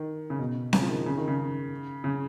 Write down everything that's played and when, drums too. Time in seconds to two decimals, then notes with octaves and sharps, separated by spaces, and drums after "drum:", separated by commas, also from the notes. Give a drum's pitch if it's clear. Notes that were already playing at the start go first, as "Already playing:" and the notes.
Already playing: D#3
0.30 C#3
0.39 B2
0.73 C#3, drum: snare C4
0.82 F3
0.89 D#3
1.06 C#3
1.17 D#3
1.28 C#3
2.04 C#3